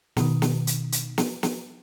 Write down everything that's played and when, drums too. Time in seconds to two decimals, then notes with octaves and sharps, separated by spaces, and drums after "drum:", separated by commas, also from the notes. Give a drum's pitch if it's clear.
0.17 B2 D#3, drum: snare
0.42 drum: snare
0.67 drum: hi-hat
0.92 drum: hi-hat
1.18 drum: snare
1.43 drum: snare